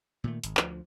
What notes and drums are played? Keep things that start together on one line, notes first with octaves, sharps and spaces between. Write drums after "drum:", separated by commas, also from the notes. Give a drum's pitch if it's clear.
A#2 D#3 A3
G#1, drum: hi-hat
D2 F3, drum: clap